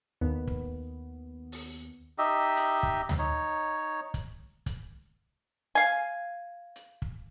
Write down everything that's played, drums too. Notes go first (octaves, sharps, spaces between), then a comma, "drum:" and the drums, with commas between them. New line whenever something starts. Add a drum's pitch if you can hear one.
D#2 B3
drum: kick
drum: open hi-hat
D#4 G4 D#5 E5
drum: hi-hat
drum: kick
drum: tom D2
D#4 C#5
drum: kick, hi-hat
drum: kick, hi-hat
F5 G#5
drum: hi-hat
drum: kick